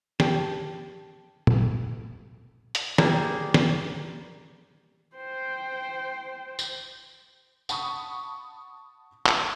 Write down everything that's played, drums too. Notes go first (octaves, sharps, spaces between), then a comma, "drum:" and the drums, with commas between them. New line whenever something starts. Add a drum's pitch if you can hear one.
G4 G5 A5, drum: snare
drum: tom
drum: hi-hat
G3 A#3 B3 G#4, drum: snare
drum: snare
C5 G5
drum: tambourine
F#5 A5 B5 C#6 D#6, drum: tambourine
drum: clap